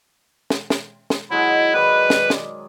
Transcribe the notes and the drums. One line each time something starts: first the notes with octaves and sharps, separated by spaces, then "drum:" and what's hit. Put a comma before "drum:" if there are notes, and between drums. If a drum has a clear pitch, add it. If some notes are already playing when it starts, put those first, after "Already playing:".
drum: snare
drum: snare
drum: snare
F#3 G#3 D#4 E4
D#3 B4 D5 B5
drum: snare
drum: snare